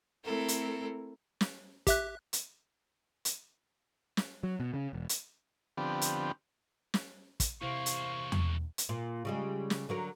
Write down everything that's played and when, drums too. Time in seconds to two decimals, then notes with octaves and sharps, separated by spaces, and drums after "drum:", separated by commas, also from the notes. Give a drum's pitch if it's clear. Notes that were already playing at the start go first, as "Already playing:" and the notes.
0.24 A3 C4 E4 A4 A#4
0.48 drum: hi-hat
1.41 drum: snare
1.87 G4 E5 F#6, drum: kick, hi-hat
2.33 drum: hi-hat
3.25 drum: hi-hat
4.17 drum: snare
4.43 F#3
4.60 B2
4.74 C#3
4.93 E1
5.09 drum: hi-hat
5.77 D3 F3 B3 C4 G4
6.01 drum: hi-hat
6.94 drum: snare
7.40 drum: kick, hi-hat
7.61 E2 C3 A#3 E4 C5 F5 C#6
7.86 drum: hi-hat
8.32 drum: tom E2
8.78 drum: hi-hat
8.89 A#2
9.25 C#3 G3 G#3
9.70 drum: snare
9.89 D3 F#3 A#4